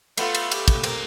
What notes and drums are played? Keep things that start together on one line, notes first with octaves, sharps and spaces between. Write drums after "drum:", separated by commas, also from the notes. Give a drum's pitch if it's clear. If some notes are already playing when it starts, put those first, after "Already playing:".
A3 B3 F4, drum: cymbal
drum: cymbal
G4, drum: cymbal
drum: kick, cymbal
A#3 C4, drum: cymbal